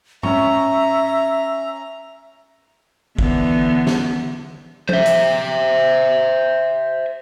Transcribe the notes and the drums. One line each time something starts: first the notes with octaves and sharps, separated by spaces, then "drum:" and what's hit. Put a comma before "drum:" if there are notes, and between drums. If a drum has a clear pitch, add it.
C#4 E5 A#5 C#6, drum: tom G#2
D3 E3 B3, drum: kick
drum: snare
C5 E5, drum: tom F3
drum: hi-hat